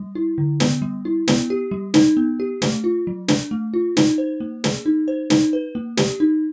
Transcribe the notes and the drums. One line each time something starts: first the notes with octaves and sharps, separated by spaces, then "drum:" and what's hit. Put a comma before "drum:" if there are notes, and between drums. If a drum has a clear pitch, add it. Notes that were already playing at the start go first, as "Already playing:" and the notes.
Already playing: G3
E4
D3
B3, drum: snare
G3
E4
B3, drum: snare
G4
G3
D#4, drum: snare
B3
G4
A3, drum: snare
F4
F#3
D4, drum: snare
A3
F4
D#4, drum: snare
C5
A#3
G#4, drum: snare
D#4
C5
D#4, drum: snare
B4
A#3
G4, drum: snare
D#4